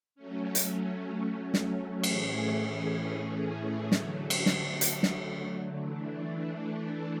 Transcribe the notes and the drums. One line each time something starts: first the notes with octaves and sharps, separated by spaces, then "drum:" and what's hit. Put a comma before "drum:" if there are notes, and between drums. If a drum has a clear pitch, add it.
F#3 A3 C#4
drum: hi-hat
drum: snare
A2 E3 A3 C#4 G#4, drum: cymbal
D3 F#3 A3, drum: snare
drum: cymbal
drum: snare
drum: hi-hat
drum: snare
E3 A3 D4